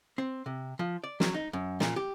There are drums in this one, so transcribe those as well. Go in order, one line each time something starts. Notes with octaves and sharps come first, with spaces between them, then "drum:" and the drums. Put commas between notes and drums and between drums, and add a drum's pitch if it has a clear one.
C4
C3
F3
D5
F#3, drum: snare
D#4
F#2
A#2, drum: snare
G4